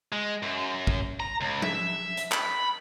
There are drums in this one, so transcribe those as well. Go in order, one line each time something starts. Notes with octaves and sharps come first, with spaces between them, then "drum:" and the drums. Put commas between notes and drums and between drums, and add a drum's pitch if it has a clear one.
G#3
F#2
drum: kick
A#5
C#2
E5, drum: tom F3
drum: hi-hat
B5, drum: clap